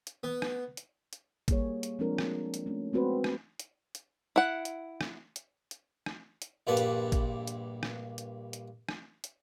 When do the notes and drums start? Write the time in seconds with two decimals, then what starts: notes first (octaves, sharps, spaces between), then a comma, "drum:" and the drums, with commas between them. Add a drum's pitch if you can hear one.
0.07 drum: hi-hat
0.23 B3
0.42 drum: rim click
0.77 drum: hi-hat
1.13 drum: hi-hat
1.48 G3 A#3 G#4 C#5, drum: kick A1, hi-hat
1.83 drum: hi-hat
1.99 F3 G#3 C4 D4 A4 A#4
2.18 drum: rim click
2.54 drum: hi-hat
2.66 A3 C#4
2.93 G#3 B3 C4 F#4 B4 C5
3.24 drum: rim click
3.60 drum: hi-hat
3.95 drum: hi-hat
4.36 E4 F#5
4.65 drum: hi-hat
5.01 drum: rim click
5.36 drum: hi-hat
5.71 drum: hi-hat
6.06 drum: rim click
6.42 drum: hi-hat
6.67 A#1 G2 A#2 B4 F#5 A5
6.77 drum: hi-hat
7.12 drum: kick A1, hi-hat
7.47 drum: hi-hat
7.83 drum: rim click
8.18 drum: hi-hat
8.53 drum: hi-hat
8.89 drum: rim click
9.24 drum: hi-hat